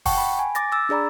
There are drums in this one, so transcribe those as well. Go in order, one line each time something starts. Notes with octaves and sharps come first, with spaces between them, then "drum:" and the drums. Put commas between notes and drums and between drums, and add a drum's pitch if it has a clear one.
F#5 G5 A5 C#6, drum: kick, open hi-hat
B5
G#5
D6 A6 A#6, drum: hi-hat
D6 E6 A6
D4 G#4 D5 A#5 B5